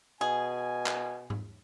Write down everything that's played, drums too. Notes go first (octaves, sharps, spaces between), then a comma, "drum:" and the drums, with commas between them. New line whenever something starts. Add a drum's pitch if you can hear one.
B2 G#4 G#5
drum: clap
drum: tom G#2